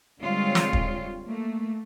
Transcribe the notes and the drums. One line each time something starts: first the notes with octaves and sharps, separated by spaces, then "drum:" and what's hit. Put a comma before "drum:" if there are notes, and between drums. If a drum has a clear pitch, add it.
D3 G3 G#3 C4 F4 C#5
drum: snare
drum: kick
A3 A#3